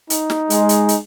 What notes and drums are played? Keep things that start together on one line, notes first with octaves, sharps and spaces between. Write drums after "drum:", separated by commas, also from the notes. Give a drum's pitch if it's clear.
D#4, drum: hi-hat
drum: snare
G#3, drum: hi-hat
drum: hi-hat
drum: hi-hat